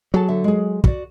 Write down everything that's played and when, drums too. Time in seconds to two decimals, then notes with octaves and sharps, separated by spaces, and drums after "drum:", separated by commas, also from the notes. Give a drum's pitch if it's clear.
0.14 F#3 G#4 A4 A5
0.28 D3 E5
0.44 G#3 G#4
0.84 F#4 D5, drum: kick